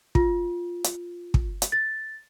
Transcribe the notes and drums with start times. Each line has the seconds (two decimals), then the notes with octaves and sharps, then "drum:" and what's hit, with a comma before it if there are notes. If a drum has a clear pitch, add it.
0.15 F4, drum: kick
0.84 drum: hi-hat
1.34 drum: kick
1.62 drum: hi-hat
1.72 A6